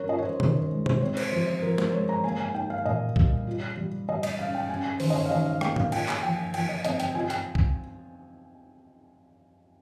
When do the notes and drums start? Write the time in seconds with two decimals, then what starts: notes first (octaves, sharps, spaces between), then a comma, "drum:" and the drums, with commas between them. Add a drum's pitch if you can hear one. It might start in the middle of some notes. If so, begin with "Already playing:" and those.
Already playing: G3 C#4 A#4 C#5
0.09 F4 D#5
0.18 C#5
0.25 C5
0.40 D#3 C5, drum: tom B2
0.55 C5
0.71 G#3
0.86 C5, drum: tom B2
1.01 C4 C#5
1.17 C5, drum: cymbal
1.32 F3 C5
1.47 C5
1.62 F3 A#4
1.78 C5, drum: snare
1.93 G#3 C#5
2.09 A#5
2.24 A#3 G#5
2.40 G#5
2.54 D#4 G5
2.70 F5
2.85 A#2 D#5
3.16 G3, drum: kick
3.47 F4
3.77 G3
4.09 G3 D#5
4.23 D#5, drum: cymbal
4.39 C#4 F5
4.54 G5
4.69 C#4 G#5
4.84 G#5
5.00 D#3 C5, drum: open hi-hat
5.10 D#5
5.15 C#5
5.26 F5
5.31 D#3 D#5
5.46 F5
5.61 A#3 G5, drum: rim click
5.76 F5, drum: tom A2
5.92 F4 G5, drum: cymbal
6.08 G#5, drum: clap
6.23 F3 G5
6.38 G#5
6.54 F3 G5, drum: cymbal
6.69 D#5
6.85 C4 D#5, drum: hi-hat
7.00 G5, drum: hi-hat
7.15 F4 G#5
7.30 G5, drum: hi-hat
7.55 drum: kick